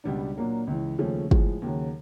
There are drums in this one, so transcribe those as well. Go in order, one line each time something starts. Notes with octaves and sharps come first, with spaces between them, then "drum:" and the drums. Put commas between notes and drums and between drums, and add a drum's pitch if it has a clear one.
C#2 B2 G3 B3 D4
A#2 F#3 A#3 D4
C#2 C#3 E3
D#2 C#3 F3 A3 C#4
A2 F3 G#3, drum: kick
D#2 C#3 F#3